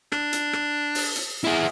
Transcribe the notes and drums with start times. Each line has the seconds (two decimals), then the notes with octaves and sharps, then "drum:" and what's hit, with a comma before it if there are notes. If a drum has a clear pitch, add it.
0.12 D4, drum: rim click
0.33 drum: hi-hat
0.53 drum: rim click
0.95 drum: open hi-hat
1.16 drum: hi-hat
1.44 E4 G#4